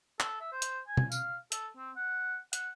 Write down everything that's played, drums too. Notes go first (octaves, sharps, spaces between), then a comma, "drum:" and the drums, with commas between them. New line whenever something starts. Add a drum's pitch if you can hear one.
A4, drum: clap
E5
C5
drum: hi-hat
G#5
drum: tom
F5, drum: tambourine
A4, drum: hi-hat
C4
F#5
F#5, drum: hi-hat